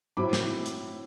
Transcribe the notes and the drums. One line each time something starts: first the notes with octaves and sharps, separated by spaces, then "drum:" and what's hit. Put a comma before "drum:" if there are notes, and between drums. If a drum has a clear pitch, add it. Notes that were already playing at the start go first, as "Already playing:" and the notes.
A2 F#3 C4 E4 B5 D6
drum: snare
drum: hi-hat